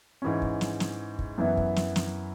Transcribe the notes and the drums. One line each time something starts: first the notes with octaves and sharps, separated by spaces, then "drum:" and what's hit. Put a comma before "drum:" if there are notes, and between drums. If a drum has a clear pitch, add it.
G#2 E3 G#3 C#4
drum: kick
drum: snare
drum: snare
drum: kick
F#2 E3 B3 E4
drum: kick
drum: snare
drum: snare